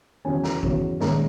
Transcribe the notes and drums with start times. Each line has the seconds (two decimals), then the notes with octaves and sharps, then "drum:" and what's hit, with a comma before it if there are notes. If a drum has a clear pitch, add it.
0.25 E2 C#3 F#3 C#4 G#5
0.43 A#5, drum: snare
0.63 E2 C#3 F#3 C#4, drum: kick
1.00 A#1 G#2 D#3 G#3 C#4 A#5, drum: snare